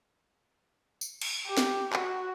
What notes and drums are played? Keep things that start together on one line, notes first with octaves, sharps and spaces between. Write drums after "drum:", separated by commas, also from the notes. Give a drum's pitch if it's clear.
drum: tambourine
drum: cymbal
G4
drum: snare
F#4, drum: clap